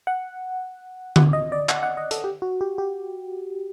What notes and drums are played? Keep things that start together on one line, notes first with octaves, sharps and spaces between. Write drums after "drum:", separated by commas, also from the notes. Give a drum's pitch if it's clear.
F#5
F#5, drum: tom D3
D#5
D5
F#5, drum: clap
F#5
D#5
A4, drum: hi-hat
G4
F#4
G4
G4